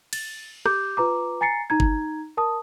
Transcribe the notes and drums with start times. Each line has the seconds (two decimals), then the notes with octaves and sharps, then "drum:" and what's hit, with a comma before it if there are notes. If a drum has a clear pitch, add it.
0.13 A6, drum: cymbal
0.66 G4 D6 G6, drum: rim click
0.97 F4 B4 A#5 D6
1.41 G#5 A#5 A6 C7 C#7
1.70 D#4 A#5 G#6
1.80 drum: kick G1
2.37 A#4 A5 D#6